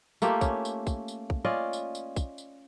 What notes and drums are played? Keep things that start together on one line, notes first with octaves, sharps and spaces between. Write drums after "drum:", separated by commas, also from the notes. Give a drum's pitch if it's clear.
A3 A#3 F4 G4, drum: tambourine
C#4, drum: kick, tambourine
drum: tambourine
drum: kick, tambourine
drum: tambourine
drum: kick
C#4 F4 D5 D#5
drum: tambourine
drum: tambourine
drum: kick, tambourine
drum: tambourine